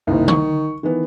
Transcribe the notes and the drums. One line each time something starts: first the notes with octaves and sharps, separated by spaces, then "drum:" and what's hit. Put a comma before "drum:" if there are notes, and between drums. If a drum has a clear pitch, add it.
F#1 C2 D#3
C#6, drum: tom D3
D#3 E3 B3